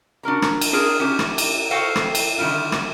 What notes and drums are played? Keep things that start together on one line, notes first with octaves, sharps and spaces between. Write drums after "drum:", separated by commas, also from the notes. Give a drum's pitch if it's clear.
D4 F#4 A#4 A#5
drum: rim click
drum: cymbal
D4 F4 G#4 A#4
C#4 D#4 G4
drum: rim click
drum: cymbal
F#4 A4 C5 F5 G5
drum: rim click
drum: cymbal
D3 D#3 G3 E4 F4
drum: rim click